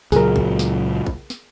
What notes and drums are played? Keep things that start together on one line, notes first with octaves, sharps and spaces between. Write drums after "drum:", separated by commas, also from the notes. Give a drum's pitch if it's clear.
C#2 A#2 F#3 G#4 A#4, drum: snare
drum: kick A#1
drum: snare
drum: kick A#1
drum: snare